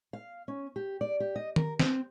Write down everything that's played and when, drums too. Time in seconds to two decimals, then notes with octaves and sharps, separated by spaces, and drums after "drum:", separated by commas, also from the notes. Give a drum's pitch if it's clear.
0.13 F5
0.48 C#4
0.76 G4
1.01 D5
1.20 G4
1.36 D#5
1.56 A#4, drum: tom D#3
1.79 C4, drum: snare